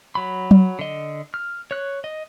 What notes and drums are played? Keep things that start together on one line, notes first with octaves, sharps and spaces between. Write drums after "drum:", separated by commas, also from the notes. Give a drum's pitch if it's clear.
F#3 B5
drum: tom F#3
D3 D#5
F6
C#5 F#6
D#5